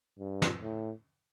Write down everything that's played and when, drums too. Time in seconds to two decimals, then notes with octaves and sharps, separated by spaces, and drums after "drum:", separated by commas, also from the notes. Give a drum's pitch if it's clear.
0.19 G2
0.42 drum: snare
0.62 A2